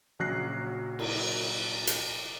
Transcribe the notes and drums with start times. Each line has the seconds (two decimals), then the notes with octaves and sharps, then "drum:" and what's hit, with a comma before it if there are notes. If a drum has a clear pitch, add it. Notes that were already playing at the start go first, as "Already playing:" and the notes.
0.19 A#1 C#3 F#3 F#6 A#6 C7
0.99 drum: cymbal
1.87 drum: hi-hat